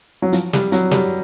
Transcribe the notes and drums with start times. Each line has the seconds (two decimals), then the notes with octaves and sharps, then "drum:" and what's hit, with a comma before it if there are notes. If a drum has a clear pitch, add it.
0.22 F#3
0.33 F3, drum: hi-hat
0.53 G3, drum: snare
0.72 F#3, drum: hi-hat
0.91 G3, drum: snare